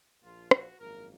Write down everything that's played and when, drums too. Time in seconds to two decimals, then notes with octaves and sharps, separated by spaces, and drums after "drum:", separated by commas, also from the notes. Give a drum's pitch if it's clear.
0.23 A#1 A#2 F3 F4
0.51 F#4, drum: rim click
0.80 G#1 F#2 F3 A#3 A#4